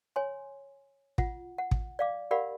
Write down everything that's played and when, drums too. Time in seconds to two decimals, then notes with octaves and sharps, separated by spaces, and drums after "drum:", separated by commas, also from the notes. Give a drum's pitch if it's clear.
0.16 C#5 G#5 C6
1.18 F4 F#5, drum: kick
1.58 F#5
1.71 drum: kick
1.99 D5 F5 D6
2.31 G4 A#4 D5 F5 F#5 B5